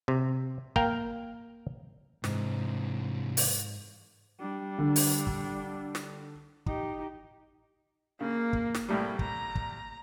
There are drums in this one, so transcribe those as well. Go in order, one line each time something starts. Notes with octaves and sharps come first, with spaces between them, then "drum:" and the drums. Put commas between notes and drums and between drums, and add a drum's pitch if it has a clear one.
C3
A#3 A#4 F5 G5, drum: kick
G#2 C3 E3, drum: snare
drum: open hi-hat
G3 D4
D3
drum: open hi-hat
drum: kick
drum: snare
D#4 G4, drum: kick
C#3 A#3
drum: kick
drum: snare
C2 A2 G3 A#3
A#5, drum: kick
drum: kick